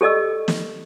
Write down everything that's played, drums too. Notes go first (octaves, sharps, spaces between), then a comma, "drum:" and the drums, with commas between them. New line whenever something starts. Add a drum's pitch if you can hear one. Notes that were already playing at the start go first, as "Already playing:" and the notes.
G4 A4 D5 D#5 E6
drum: snare